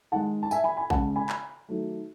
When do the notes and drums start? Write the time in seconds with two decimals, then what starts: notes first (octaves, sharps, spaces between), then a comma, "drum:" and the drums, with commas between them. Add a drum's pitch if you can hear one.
0.12 D#3 G#3 F#5 A5
0.43 A5
0.51 E5 G#5, drum: tambourine
0.64 G#5 B5
0.77 G#5 B5
0.90 C#3 G#3 F#5 A5, drum: kick A#1
1.16 G#5 B5
1.29 drum: clap
1.69 D#3 F#3 A3